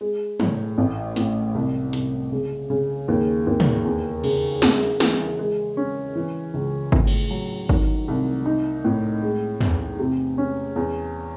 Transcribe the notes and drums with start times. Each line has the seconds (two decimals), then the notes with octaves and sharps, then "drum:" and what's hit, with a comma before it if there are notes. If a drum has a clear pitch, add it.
0.01 G#3
0.40 A2, drum: tom
0.78 A1
1.16 A2, drum: hi-hat
1.55 C2
1.93 C2, drum: hi-hat
2.32 C#3
2.70 C#3
3.08 D#2
3.47 D#2
3.60 drum: tom
3.85 E2
4.24 C#3, drum: cymbal
4.62 F#2, drum: snare
5.00 E3, drum: snare
5.39 G#3
5.77 C#4
6.15 E3
6.54 C#2
6.92 A2, drum: kick
7.07 drum: cymbal
7.31 F#3
7.69 D#3, drum: kick
8.08 C2
8.46 D#4
8.84 A2
9.22 G#3
9.61 E2, drum: tom
9.99 C3
10.38 C#4
10.76 E2